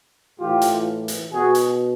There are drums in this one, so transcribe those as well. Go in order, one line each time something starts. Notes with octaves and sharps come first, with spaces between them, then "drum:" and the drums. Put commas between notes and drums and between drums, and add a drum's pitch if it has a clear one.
A2 E3 F4 G4
drum: hi-hat
drum: hi-hat
B2 F#4 G#4
drum: hi-hat